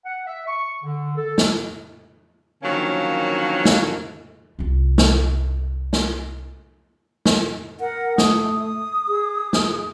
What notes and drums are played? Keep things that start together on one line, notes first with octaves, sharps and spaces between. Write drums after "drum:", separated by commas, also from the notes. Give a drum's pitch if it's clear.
F#5
E5
C#6
D3
A4
drum: snare
D3 D#3 F3 F#3 A#3 C#4
drum: snare
C2 F4
drum: snare
drum: snare
drum: snare
A#4 F#5
A3 D#6, drum: snare
G#4
drum: snare